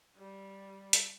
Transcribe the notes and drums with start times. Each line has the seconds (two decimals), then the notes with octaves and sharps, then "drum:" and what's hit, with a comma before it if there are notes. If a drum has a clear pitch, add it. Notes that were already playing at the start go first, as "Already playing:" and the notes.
0.16 G3
0.93 drum: hi-hat